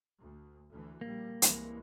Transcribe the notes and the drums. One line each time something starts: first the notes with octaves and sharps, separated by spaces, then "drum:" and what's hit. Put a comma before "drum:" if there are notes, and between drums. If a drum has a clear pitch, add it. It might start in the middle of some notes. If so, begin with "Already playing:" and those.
D2
D2 E3
A#1 G3 A#3
C2 E3 G#3, drum: hi-hat